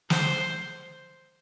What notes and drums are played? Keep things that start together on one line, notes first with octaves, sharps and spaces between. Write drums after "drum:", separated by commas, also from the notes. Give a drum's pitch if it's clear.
C5, drum: snare